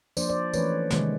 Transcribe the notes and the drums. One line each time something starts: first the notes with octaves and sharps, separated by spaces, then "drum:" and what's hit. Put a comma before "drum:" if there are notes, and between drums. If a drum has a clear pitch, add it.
F3 A#3 D4 C5 D5, drum: tambourine
C5 D5
E3 A3 C#4 B4 C#5, drum: tambourine
C3 D#3 G#3, drum: snare